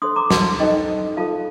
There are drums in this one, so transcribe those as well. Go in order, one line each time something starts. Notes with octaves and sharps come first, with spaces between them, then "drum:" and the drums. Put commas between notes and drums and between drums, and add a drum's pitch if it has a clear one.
D4 A4 C5 C6 D#6
A#5 D6
A5 C6, drum: snare
D#4 A4 C5 D#5 G5
F4 A4 C5 F5 A5